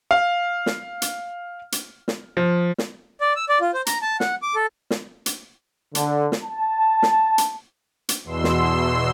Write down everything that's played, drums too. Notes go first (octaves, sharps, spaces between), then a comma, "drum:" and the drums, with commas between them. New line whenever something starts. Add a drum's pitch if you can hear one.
F5
drum: snare
drum: hi-hat
drum: hi-hat
drum: snare
F3
drum: snare
D5
E6
D5
F4
C5
A#5, drum: hi-hat
A5
F#5, drum: snare
D6
A4
drum: snare
drum: hi-hat
D3, drum: hi-hat
drum: snare
A5
drum: snare
drum: hi-hat
drum: hi-hat
E2 B2 C6 E6
drum: snare